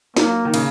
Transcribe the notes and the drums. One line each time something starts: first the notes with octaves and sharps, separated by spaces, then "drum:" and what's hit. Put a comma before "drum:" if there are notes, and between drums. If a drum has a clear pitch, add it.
F#3 A#3, drum: snare
D#3
C#3, drum: cymbal